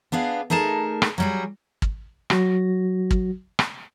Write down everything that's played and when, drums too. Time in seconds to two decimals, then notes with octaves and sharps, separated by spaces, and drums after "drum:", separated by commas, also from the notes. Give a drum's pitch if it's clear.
0.12 B3 D4 G#4 F5
0.50 A3 D#4 G#4 A#4 A5
1.02 drum: rim click
1.18 F#3 G3 G#4
1.82 drum: kick
2.30 F#3 F#4 A#6, drum: rim click
3.11 drum: kick
3.59 drum: rim click